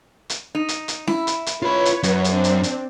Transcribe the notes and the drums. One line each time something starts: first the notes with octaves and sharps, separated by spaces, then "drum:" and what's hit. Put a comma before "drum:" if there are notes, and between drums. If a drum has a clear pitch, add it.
drum: hi-hat
D#4
drum: hi-hat
drum: hi-hat
E4, drum: snare C#4
drum: hi-hat
drum: hi-hat
F4 B4 C#5 B5
drum: hi-hat
F#2, drum: hi-hat
drum: hi-hat
C4 D4
drum: hi-hat
drum: hi-hat